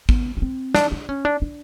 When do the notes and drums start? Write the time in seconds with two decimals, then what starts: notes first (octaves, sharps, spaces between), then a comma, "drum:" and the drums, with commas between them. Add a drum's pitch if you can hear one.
0.09 B3, drum: kick G#1
0.37 C#4
0.42 C4
0.74 D4, drum: snare
0.92 D4
1.09 C#4
1.25 D4
1.42 D4